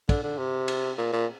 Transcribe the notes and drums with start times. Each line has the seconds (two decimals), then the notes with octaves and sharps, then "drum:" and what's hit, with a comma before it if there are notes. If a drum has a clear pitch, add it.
0.09 D3, drum: kick, cymbal
0.23 D3
0.38 C3
0.68 drum: cymbal
0.98 A#2
1.12 A#2